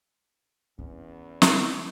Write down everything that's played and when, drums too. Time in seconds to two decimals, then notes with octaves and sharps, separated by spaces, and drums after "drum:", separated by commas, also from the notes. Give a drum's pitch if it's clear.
0.79 E2 C#4
1.42 drum: snare